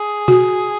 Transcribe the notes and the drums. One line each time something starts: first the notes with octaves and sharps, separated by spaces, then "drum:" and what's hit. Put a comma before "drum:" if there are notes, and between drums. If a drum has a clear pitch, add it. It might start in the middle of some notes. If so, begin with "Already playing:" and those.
Already playing: G#4
F#4, drum: tom B2